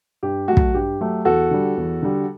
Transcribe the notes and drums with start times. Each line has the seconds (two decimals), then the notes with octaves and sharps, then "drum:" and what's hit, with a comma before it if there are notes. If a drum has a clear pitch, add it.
0.23 G2 G4
0.48 F#3 A3 F#4
0.57 drum: kick
0.74 G2 G4
1.00 F#3 A3
1.25 E2 F#4 A4
1.51 D3 G3
1.77 E2
2.02 D3 G3